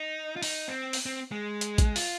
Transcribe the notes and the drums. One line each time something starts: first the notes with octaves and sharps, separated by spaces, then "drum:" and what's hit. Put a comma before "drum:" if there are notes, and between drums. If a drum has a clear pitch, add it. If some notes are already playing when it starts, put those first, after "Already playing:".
Already playing: D#4
F4
D#4, drum: open hi-hat
C4
drum: open hi-hat
C4
G#3
drum: hi-hat
drum: kick, hi-hat
F4, drum: open hi-hat